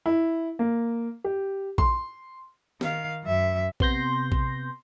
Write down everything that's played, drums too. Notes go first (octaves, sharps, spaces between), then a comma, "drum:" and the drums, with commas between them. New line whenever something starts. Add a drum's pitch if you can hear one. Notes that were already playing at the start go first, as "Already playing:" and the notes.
E4
A#3
G4
C6, drum: kick A#1
D#3 F5, drum: snare
F#2 E5
C3 B3 C6 G6 A#6, drum: kick A#1
drum: kick A#1